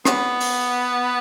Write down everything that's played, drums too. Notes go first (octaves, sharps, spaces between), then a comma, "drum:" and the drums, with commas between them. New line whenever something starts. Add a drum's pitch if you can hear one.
B3, drum: rim click
drum: open hi-hat